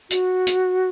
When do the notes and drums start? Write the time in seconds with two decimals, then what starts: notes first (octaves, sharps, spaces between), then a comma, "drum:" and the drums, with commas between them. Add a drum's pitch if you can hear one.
0.10 F#4, drum: hi-hat
0.47 drum: hi-hat